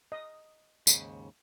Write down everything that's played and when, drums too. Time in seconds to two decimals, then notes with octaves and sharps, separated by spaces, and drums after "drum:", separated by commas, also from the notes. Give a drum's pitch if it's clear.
0.12 D#5
0.87 D#2 G#2 C#3, drum: tambourine